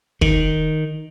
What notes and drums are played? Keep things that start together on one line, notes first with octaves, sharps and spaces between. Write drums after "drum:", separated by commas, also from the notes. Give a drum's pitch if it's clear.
D#3, drum: kick